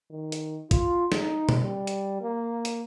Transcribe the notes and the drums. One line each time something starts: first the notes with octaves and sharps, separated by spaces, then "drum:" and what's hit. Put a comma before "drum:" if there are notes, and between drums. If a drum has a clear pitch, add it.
D#3
drum: hi-hat
F4, drum: kick, hi-hat
D#4, drum: snare
drum: tom B2
G3
drum: hi-hat
A#3
drum: hi-hat